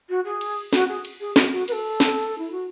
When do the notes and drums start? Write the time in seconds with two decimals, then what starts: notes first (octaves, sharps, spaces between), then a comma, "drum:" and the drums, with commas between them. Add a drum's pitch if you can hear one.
0.09 F#4
0.25 G#4
0.41 drum: cymbal
0.73 F#4, drum: snare
0.89 G#4
1.05 drum: cymbal
1.20 G#4
1.36 F#4, drum: snare
1.52 F#4
1.68 B4, drum: cymbal
1.72 A4
2.00 drum: snare
2.38 E4
2.51 F#4